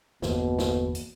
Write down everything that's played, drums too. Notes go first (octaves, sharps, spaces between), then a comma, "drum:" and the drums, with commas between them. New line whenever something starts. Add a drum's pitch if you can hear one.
G1 E2 B2 A#3, drum: snare
drum: snare
drum: hi-hat